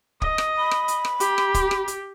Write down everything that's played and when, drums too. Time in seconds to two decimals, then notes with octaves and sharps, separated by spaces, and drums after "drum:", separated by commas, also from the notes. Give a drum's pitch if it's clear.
0.22 D#5, drum: kick
0.38 drum: rim click
0.58 B5
0.71 drum: rim click
0.88 drum: hi-hat
1.05 drum: rim click
1.20 G4, drum: hi-hat
1.38 drum: rim click
1.54 drum: kick, hi-hat
1.71 drum: rim click
1.88 drum: hi-hat